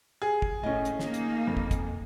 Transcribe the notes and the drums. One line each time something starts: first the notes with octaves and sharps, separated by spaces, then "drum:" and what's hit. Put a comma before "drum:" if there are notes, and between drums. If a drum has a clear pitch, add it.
G#4
drum: kick
A2 C#4 D#5
drum: hi-hat
A#3 D#4, drum: snare
drum: hi-hat
F2
drum: kick
drum: kick, hi-hat